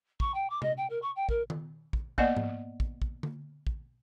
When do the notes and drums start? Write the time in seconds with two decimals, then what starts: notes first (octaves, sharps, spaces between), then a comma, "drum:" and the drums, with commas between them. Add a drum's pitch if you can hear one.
0.20 C#6, drum: kick
0.34 G5
0.49 D6
0.62 D#5, drum: tom C3
0.77 G5
0.89 A#4
1.02 C#6
1.15 G5
1.29 A#4, drum: kick
1.50 drum: tom D#3
1.93 drum: kick
2.18 A#3 B3 D5 D#5 F#5, drum: kick
2.37 drum: tom G#2
2.80 drum: kick
3.02 drum: kick
3.23 drum: tom D3
3.67 drum: kick